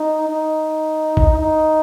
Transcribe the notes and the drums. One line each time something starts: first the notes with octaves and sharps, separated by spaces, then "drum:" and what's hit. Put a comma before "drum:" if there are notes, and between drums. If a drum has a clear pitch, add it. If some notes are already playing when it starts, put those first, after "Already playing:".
Already playing: D#4
D#4
drum: kick A1
D#4